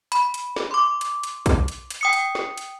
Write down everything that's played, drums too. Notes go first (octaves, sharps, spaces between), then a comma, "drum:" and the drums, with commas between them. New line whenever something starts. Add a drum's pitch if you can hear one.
B5, drum: hi-hat
drum: hi-hat
drum: snare
C6 D6
drum: hi-hat
drum: hi-hat
drum: kick, hi-hat
drum: hi-hat
drum: hi-hat
G5 D#6 C#7
drum: hi-hat
drum: snare
drum: hi-hat